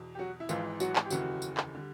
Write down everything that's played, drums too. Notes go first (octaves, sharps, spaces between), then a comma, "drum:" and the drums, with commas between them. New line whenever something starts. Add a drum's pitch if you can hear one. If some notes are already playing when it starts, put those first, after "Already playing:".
Already playing: E2 B2
G4
F#3 F#4
E4
G#1 G#2 E3 F3 F4, drum: tambourine
F#3 F#4, drum: tambourine
drum: clap
G4
F1 D#2 C#3 E3 F#3 F#4, drum: tambourine
drum: tambourine
drum: clap
D3 G3